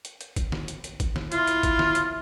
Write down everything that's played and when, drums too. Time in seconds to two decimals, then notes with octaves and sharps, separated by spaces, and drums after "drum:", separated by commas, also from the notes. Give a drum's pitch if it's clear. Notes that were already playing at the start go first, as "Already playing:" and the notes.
0.05 drum: hi-hat
0.21 drum: hi-hat
0.36 drum: kick G#1, hi-hat
0.52 drum: snare
0.68 drum: hi-hat
0.84 drum: hi-hat
1.00 drum: kick G#1, hi-hat
1.16 drum: snare
1.32 E4 F4, drum: hi-hat
1.47 drum: hi-hat
1.63 drum: kick G#1, hi-hat
1.79 drum: snare
1.95 drum: hi-hat